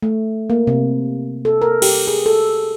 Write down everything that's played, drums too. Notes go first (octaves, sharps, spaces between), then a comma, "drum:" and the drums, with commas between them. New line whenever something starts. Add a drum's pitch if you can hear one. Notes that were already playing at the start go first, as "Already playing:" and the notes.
A3
A#3
C3
A4
A#4
G4, drum: cymbal
G#4
A4